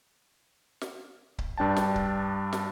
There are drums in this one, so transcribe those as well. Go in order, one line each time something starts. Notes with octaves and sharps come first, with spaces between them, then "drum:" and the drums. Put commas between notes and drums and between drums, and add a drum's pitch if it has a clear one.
drum: snare
drum: kick C#1
G2 D4 G5 A5
drum: snare
drum: kick C#1
drum: snare